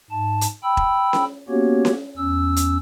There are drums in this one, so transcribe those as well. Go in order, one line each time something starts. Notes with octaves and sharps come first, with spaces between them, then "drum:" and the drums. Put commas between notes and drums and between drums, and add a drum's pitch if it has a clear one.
G#2 A5
drum: hi-hat
G5 B5 E6
drum: kick E1
drum: snare C#4
A#3 B3 C#4 F#4 G4 C#5
drum: snare C#4
E2 C#4 E6
drum: hi-hat